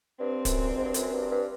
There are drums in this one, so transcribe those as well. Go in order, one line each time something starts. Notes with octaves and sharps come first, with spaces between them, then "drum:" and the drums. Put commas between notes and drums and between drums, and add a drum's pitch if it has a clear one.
G2 C4
F#2, drum: kick, hi-hat
G2
G#2
G2
F#2, drum: hi-hat
G2
G2